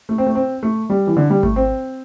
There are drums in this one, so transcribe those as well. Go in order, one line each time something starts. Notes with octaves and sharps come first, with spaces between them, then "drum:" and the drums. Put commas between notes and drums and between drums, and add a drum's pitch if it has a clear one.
A3
C4
A3
C4
A3
G3
E3
D3
G3
A3, drum: kick G#1
C4